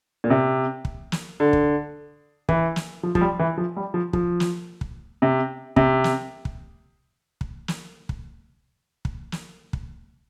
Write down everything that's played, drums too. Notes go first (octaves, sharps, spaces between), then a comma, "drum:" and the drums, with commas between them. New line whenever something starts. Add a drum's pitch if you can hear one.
A#2
C3
drum: kick
drum: snare
D3
drum: kick
E3, drum: kick
drum: snare
F3
F3, drum: kick
G3
E3
F3
G3
F3
F3, drum: kick
drum: snare
drum: kick
C3
C3, drum: kick
drum: snare
drum: kick
drum: kick
drum: snare
drum: kick
drum: kick
drum: snare
drum: kick